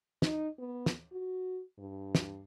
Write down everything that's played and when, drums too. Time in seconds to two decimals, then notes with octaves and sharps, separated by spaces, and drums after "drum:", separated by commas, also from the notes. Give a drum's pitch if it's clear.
0.22 D#4, drum: snare
0.59 B3
0.86 drum: snare
1.12 F#4
1.79 G2
2.15 drum: snare